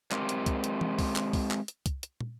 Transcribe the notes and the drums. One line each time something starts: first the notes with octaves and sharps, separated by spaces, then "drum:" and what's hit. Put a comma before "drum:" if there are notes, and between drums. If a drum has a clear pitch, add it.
G#3 C4 G4 A#4, drum: clap
drum: hi-hat
drum: kick C2, hi-hat
drum: hi-hat
drum: tom E3
drum: kick C2, open hi-hat
drum: clap
drum: kick C2, open hi-hat
drum: clap
drum: hi-hat
drum: kick C2, hi-hat
drum: hi-hat
drum: tom